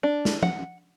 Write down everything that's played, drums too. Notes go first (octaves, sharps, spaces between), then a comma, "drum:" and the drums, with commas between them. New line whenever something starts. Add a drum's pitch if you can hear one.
D4
drum: snare
F#5, drum: tom F3